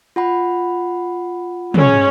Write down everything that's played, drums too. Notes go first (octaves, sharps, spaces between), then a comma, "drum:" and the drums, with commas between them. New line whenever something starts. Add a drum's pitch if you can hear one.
F4 F#5 B5
G#3 C#4 C#5, drum: tom